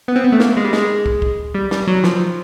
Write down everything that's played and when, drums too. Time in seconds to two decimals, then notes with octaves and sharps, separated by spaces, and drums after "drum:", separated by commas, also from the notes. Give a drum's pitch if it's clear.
0.08 B3
0.16 C4
0.24 B3
0.32 A3
0.40 A#3, drum: snare
0.57 G#3
0.64 G3
0.73 G#3, drum: snare
1.06 drum: kick
1.22 drum: kick
1.54 G3
1.71 G3, drum: snare
1.87 F#3
2.04 F3, drum: snare